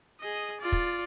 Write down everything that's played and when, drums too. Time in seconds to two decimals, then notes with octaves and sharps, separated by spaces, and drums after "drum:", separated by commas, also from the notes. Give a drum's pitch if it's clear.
0.21 G#4 D#5
0.60 F4 D5
0.72 drum: kick